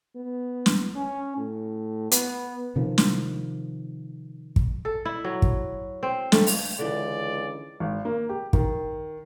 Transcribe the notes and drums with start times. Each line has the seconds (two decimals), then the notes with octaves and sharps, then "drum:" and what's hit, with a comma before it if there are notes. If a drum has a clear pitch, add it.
0.16 B3
0.66 drum: snare
0.96 C#4
1.37 A2
2.11 B3, drum: hi-hat
2.76 C3 D#3 F3
2.98 drum: snare
4.56 drum: kick
4.85 A4
5.05 E4
5.25 F#3
5.42 drum: kick
6.03 C4
6.32 A3, drum: snare
6.47 drum: open hi-hat
6.79 C#2 D3 E3 D5
7.80 G#1
8.05 A#3
8.29 G4
8.53 D#3, drum: kick